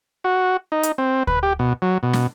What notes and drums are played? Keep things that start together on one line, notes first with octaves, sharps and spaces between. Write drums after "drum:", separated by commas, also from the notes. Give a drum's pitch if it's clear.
F#4
D#4
drum: hi-hat
C4
B4, drum: kick D2
G4
B2
F#3
B2
drum: snare